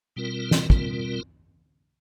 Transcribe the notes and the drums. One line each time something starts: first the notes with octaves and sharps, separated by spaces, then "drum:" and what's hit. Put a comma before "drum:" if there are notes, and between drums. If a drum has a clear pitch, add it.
B2 G3 C4 F4 A#4
drum: snare
B2 G3 C4 F4 A#4, drum: kick